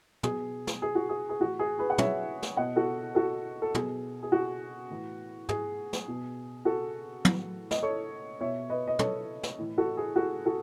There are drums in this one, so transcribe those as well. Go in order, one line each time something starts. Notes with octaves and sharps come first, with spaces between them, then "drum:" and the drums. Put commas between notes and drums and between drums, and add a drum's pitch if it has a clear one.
B2 G#4, drum: tom
drum: snare
G#4
F#4
G#4
G#4
A2 E3 F#4
G#4
G#4 B4
F#5
C#5 E5, drum: tom
drum: snare
B2 D#5 F#5
F#4 A4
F#4 A4
A4
B2 G#4, drum: tom
G#4
F#4
A2 E3
G#4, drum: tom
drum: snare
B2
F#4 A4
A2 E3, drum: tom
D#5, drum: snare
A4 C#5
B2 C#5 E5
B4 D#5
D#5
A4 C#5, drum: tom
drum: snare
A2 E3
F#4 A4
G#4
F#4 A4
F#4 A4